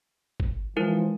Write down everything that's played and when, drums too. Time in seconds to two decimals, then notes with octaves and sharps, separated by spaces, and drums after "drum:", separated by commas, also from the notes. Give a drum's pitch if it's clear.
0.40 drum: kick
0.77 E3 F3 G#3 D#4 E4 A#4